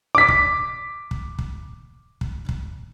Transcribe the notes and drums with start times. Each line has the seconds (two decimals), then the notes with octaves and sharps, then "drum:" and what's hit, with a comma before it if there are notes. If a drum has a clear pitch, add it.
0.15 D6 B6
0.28 drum: kick
1.11 drum: kick
1.39 drum: kick
2.21 drum: kick
2.49 drum: kick